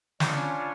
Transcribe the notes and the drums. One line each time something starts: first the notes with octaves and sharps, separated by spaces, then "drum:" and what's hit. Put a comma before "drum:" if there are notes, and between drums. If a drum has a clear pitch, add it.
G3 A3 D4 F4 C#5, drum: snare
C#4